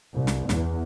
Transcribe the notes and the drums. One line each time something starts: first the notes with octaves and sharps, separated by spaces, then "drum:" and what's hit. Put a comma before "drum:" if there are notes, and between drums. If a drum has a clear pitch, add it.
C2
drum: snare
E2, drum: snare